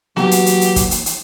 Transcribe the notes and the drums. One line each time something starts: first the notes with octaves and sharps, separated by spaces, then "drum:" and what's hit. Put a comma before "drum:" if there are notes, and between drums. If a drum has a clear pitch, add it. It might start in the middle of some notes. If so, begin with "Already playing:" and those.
E3 F#3 A#3 G4 B4 F#5 G5, drum: snare B3
drum: hi-hat
drum: hi-hat
drum: hi-hat
drum: kick, hi-hat
drum: hi-hat
drum: hi-hat